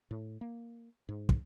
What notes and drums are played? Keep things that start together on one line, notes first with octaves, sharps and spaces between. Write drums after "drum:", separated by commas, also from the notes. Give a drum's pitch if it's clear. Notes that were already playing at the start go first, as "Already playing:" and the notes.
A2
A#3
G#2
drum: kick